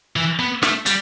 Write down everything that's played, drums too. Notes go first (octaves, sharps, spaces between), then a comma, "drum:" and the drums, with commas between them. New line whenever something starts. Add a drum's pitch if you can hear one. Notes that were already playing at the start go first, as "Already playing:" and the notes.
E3
B3
A3, drum: snare
G3, drum: hi-hat